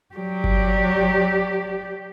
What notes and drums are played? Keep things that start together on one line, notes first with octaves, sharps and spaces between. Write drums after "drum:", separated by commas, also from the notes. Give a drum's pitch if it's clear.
F#3 G4 D5
drum: kick G1